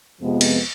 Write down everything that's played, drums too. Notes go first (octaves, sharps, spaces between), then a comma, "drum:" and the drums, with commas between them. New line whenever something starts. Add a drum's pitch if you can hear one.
F2 C3 F3 G#3 B3
drum: cymbal